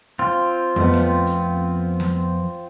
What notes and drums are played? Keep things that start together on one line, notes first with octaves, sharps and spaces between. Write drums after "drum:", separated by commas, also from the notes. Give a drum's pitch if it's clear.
C4 F4
F2 A3 B3, drum: tom F2
drum: snare
drum: hi-hat
drum: snare